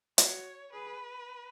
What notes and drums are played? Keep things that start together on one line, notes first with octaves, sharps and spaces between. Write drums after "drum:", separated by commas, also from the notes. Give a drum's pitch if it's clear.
F#4 C#5, drum: hi-hat
G#4 B4